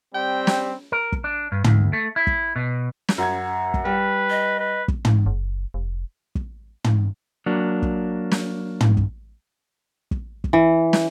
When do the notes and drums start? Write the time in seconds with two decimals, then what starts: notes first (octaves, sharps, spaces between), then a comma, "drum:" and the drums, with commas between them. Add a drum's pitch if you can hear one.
0.14 G3 C4 G5
0.47 drum: snare
0.92 A#4
1.12 drum: kick
1.24 D4
1.52 G2
1.64 D2, drum: tom
1.93 A3
2.16 E4
2.27 drum: kick
2.56 B2
3.09 drum: snare
3.18 F#2 F#5 G#6
3.74 drum: kick
3.85 G3 B4
4.30 D#5
4.60 B4
4.88 drum: kick
5.05 drum: tom
5.26 F#1
5.74 F1
6.35 drum: kick
6.84 drum: tom
7.46 F#3 A#3 D4
7.82 drum: kick
8.31 drum: snare
8.81 drum: tom
8.97 drum: kick
10.11 drum: kick
10.44 drum: kick
10.53 E3
10.93 drum: snare